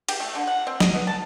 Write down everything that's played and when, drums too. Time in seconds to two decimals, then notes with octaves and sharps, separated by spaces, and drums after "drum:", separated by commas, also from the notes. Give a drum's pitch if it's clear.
0.08 G4, drum: cymbal
0.20 A3
0.35 D3
0.47 F#5
0.67 C4
0.80 D#5, drum: snare
0.94 B3
1.07 A5